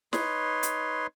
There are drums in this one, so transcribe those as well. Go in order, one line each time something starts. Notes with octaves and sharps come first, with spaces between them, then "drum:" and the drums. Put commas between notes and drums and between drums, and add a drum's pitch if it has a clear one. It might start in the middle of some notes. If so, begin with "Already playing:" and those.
D#4 B4 C#5 C6, drum: snare
drum: hi-hat